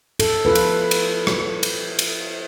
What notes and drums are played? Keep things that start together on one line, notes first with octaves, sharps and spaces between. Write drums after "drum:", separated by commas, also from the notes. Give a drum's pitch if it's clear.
A4, drum: cymbal
F4 A4 B4
drum: cymbal
drum: cymbal
drum: rim click
drum: cymbal
drum: cymbal